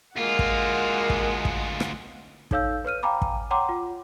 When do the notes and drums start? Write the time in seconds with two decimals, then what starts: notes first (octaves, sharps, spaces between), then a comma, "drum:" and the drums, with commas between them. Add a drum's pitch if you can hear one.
0.17 D2 G#3 A#3 F4 F#5
0.39 drum: kick
1.10 drum: kick
1.45 drum: kick
1.80 drum: rim click
2.51 D#4 A4 C#5 F5 E6 G6, drum: kick
2.85 B4 C#5 F6 D#7
3.03 F5 G5 G#5 A#5 B5 D6
3.22 drum: kick
3.51 C#5 F#5 G5 A#5 C6 D6
3.69 F4